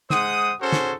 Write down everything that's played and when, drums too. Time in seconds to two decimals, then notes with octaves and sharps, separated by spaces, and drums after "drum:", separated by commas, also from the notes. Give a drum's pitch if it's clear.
0.10 G#3 C5 F#5 D#6, drum: snare
0.60 C#4 F#4 G#4 A4 C5
0.72 drum: snare